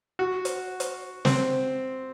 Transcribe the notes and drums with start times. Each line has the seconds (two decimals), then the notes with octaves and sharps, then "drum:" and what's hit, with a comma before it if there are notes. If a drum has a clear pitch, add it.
0.19 F#4
0.45 drum: hi-hat
0.80 drum: hi-hat
1.25 C4, drum: snare